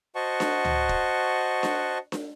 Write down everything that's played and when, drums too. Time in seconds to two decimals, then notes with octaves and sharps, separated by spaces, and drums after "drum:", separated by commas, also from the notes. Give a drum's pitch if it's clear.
0.15 F#4 C5 D#5 F#5 A5 C#6
0.40 drum: snare D4
0.65 drum: tom C#2
0.89 drum: kick
1.63 drum: snare D4
2.12 drum: snare D4